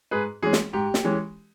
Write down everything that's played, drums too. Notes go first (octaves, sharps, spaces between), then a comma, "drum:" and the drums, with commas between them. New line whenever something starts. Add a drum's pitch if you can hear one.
G#2 G#4 B4
E3 G#3 C#4 G#4
drum: snare
G#2 G4
drum: snare
E3 G#3 C#4